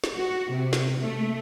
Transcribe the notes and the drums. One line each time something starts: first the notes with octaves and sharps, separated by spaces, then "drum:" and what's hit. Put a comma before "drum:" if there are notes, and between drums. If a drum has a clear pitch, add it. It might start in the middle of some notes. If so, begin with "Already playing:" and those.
drum: snare
F#4
C3
drum: snare
A3